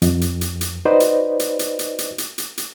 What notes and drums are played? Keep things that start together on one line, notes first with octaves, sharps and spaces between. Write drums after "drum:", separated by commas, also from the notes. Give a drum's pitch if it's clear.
F2, drum: hi-hat
drum: hi-hat
drum: hi-hat
drum: hi-hat
D#4 F#4 B4 C5 D5 D#5
drum: hi-hat
drum: hi-hat
drum: hi-hat
drum: hi-hat
drum: hi-hat
drum: hi-hat
drum: hi-hat
drum: hi-hat